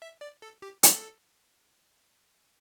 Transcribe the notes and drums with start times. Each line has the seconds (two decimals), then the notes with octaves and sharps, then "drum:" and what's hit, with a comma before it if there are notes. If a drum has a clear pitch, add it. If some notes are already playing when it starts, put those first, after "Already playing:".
0.02 E5
0.21 D5
0.42 A4
0.62 G4
0.83 A4, drum: hi-hat